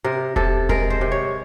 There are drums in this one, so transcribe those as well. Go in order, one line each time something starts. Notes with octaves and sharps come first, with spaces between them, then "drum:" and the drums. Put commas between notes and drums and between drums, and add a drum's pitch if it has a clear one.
C3 A#4
C3 A4, drum: kick E1
G#3 A#4, drum: kick E1
C5
C3
C#5